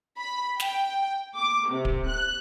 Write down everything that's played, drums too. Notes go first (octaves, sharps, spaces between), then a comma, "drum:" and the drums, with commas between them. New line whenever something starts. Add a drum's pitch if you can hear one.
B5
G5, drum: snare
D6
C3
drum: kick D1
F#6